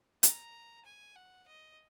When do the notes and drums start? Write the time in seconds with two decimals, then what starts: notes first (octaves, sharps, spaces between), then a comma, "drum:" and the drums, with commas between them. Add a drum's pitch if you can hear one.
0.23 A#5, drum: hi-hat
0.85 G#5
1.16 F#5
1.47 D#5